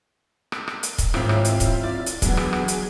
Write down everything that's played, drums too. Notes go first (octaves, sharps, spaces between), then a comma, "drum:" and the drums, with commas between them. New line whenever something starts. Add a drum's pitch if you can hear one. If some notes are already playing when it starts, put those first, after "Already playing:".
drum: rim click
drum: rim click
drum: hi-hat
drum: kick C#1, hi-hat
D#2 G#2 C4 E4 F4, drum: rim click
drum: rim click
drum: hi-hat
drum: kick C#1, hi-hat
D5
drum: hi-hat
E2 D3 F#3 B3 G#4, drum: kick C#1, hi-hat
drum: rim click
drum: rim click
drum: hi-hat